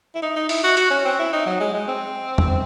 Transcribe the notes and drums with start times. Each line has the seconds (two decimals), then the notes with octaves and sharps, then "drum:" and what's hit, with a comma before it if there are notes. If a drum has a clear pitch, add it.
0.15 E4
0.22 D#4
0.36 D#4
0.49 E4, drum: open hi-hat
0.64 F#4
0.77 F#4, drum: hi-hat
0.90 C#4
1.05 C4
1.19 E4
1.33 D#4
1.46 F#3
1.60 G#3
1.74 G#3
1.88 C4
2.38 drum: tom E2